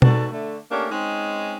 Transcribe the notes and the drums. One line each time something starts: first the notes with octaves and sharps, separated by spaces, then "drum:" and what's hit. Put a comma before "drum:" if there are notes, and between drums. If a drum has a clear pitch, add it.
G#2 B2 F#4 A4 D5, drum: tom B2
D3 A3
A3 A#3 C#4 D4 G4
G#3 C4 C#4 D#4